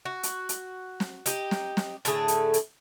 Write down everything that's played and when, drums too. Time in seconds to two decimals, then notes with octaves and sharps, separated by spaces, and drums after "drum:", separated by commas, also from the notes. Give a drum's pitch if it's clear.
0.05 F#4
0.23 drum: hi-hat
0.49 drum: hi-hat
1.00 drum: snare
1.26 D#4 G4, drum: hi-hat
1.51 drum: snare
1.77 drum: snare
2.05 A2 D3 A3 G#4, drum: hi-hat
2.28 drum: hi-hat
2.54 drum: hi-hat